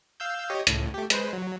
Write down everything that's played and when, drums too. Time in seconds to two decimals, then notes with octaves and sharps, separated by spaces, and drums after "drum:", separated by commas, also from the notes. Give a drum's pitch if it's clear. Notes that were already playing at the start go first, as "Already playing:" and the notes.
0.20 F5 E6 G6
0.50 G4 C#5 D#5
0.67 C#2 A2, drum: hi-hat
0.94 A3 G4
1.10 G#3 B4 C5, drum: hi-hat
1.33 F#3